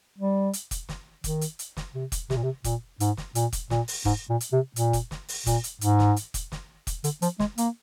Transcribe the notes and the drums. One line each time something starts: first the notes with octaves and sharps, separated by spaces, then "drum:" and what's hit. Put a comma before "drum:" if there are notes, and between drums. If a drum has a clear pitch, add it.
G3
drum: hi-hat
drum: kick, hi-hat
drum: snare
D#3, drum: kick, hi-hat
drum: hi-hat
drum: hi-hat
drum: snare
C3
drum: kick, hi-hat
C3, drum: snare
A#2
C3
A#2, drum: kick, hi-hat
G#2, drum: hi-hat
drum: snare
A#2, drum: hi-hat
drum: kick, hi-hat
A#2, drum: snare
drum: open hi-hat
G#2, drum: kick
A#2
drum: hi-hat
C3
A#2, drum: hi-hat
drum: kick, hi-hat
drum: snare
drum: open hi-hat
A#2, drum: kick, hi-hat
drum: hi-hat
G#2, drum: hi-hat
drum: snare
drum: hi-hat
drum: kick, hi-hat
drum: snare
drum: kick, hi-hat
D3, drum: hi-hat
F3, drum: hi-hat
G#3, drum: snare
A#3, drum: hi-hat